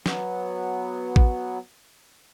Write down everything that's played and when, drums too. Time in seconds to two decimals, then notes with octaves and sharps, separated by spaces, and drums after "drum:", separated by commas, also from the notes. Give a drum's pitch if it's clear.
0.06 F#3 B3, drum: snare
1.16 drum: kick